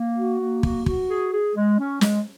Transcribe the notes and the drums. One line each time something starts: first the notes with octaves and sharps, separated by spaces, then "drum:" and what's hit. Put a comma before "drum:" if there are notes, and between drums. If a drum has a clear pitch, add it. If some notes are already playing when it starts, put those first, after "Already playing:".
Already playing: A#3
F#4
A#3
F#4, drum: kick
F#4, drum: kick
G#4
G#4
G#3
C#4
G#3, drum: snare